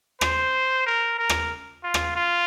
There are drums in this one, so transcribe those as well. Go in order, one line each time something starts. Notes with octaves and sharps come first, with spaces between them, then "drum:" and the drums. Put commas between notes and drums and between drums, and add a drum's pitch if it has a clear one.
C5, drum: rim click
A#4
A#4
drum: rim click
F4
drum: rim click
F4